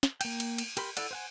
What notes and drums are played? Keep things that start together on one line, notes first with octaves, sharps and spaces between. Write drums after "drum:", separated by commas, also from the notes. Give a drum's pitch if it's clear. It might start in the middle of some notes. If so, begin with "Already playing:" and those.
drum: snare
A#3 G5, drum: cymbal
drum: cymbal
drum: cymbal
G4 A#4 B5 C6, drum: cymbal
E4 A4 D5 F#5, drum: cymbal
C5 F#5 G#5